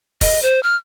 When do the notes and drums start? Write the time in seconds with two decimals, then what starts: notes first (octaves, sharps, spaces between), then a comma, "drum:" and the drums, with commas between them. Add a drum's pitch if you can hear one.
0.21 D#5, drum: kick, open hi-hat
0.43 C5
0.63 F6